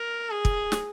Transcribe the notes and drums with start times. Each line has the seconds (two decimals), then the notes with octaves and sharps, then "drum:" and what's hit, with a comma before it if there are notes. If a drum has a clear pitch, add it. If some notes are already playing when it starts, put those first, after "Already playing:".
Already playing: A#4
0.31 G#4
0.45 drum: kick
0.72 drum: snare